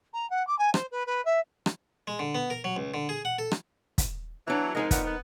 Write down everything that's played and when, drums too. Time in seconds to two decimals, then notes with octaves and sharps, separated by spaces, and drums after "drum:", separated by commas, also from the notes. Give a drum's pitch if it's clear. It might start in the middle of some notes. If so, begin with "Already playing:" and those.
0.13 A#5
0.30 F#5
0.47 D6
0.58 G#5
0.74 C5, drum: rim click
0.91 B4
1.06 B4
1.25 E5
1.66 drum: rim click
2.07 G#3
2.19 D3
2.35 B3
2.50 A#4
2.64 F#3
2.76 C#2
2.94 D3
3.09 G#4
3.25 F#5
3.38 A4
3.51 drum: rim click
3.98 drum: kick, hi-hat
4.48 E3 F#3 D4 A#5
4.75 F2 G#2 G#3 D#4 A#4
4.91 A#2 B3, drum: kick, hi-hat
5.05 B3